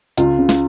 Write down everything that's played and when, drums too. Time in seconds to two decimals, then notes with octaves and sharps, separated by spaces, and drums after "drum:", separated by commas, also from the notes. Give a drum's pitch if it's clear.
0.17 C#2 F4, drum: hi-hat
0.39 C#3
0.49 drum: snare